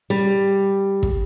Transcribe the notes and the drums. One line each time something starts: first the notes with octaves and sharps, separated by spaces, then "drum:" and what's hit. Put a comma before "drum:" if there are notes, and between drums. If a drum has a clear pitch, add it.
G3
drum: kick